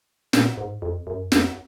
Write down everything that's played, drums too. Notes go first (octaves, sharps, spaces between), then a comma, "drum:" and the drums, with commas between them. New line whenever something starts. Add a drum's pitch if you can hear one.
A#2, drum: snare
G#2
F2
F#2
F2, drum: snare